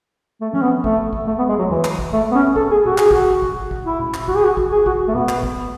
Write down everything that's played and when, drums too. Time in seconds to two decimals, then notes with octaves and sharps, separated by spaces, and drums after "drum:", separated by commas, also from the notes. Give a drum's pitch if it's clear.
0.41 A3
0.53 C#4, drum: tom F3
0.62 B3
0.84 A3, drum: kick
1.13 drum: kick
1.27 A3
1.38 B3
1.49 G#3
1.59 F#3
1.70 E3, drum: tom F2
1.84 drum: clap
1.99 drum: kick
2.13 A3
2.31 B3
2.35 C#4
2.56 A4, drum: kick
2.71 G#4
2.85 F#4, drum: tom A#2
2.98 G#4, drum: clap
3.11 F#4, drum: kick
3.42 drum: kick
3.71 drum: kick
3.85 E4
4.00 drum: tom A#2
4.14 drum: clap
4.28 F#4, drum: kick
4.36 G#4
4.44 F#4
4.57 drum: kick
4.72 G#4
4.86 F#4, drum: kick
5.08 A3
5.15 B3, drum: tom A#2
5.29 drum: clap
5.43 drum: kick